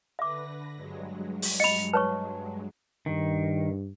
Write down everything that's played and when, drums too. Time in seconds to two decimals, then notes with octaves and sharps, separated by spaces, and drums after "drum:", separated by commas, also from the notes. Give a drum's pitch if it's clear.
0.19 D3 B4 E5 D6 A#6
0.76 G2 F#3 G#3
1.42 drum: open hi-hat
1.60 D#5 B5 C#7 F7
1.93 B4 C#5 A5 C#6
3.06 G2 D#3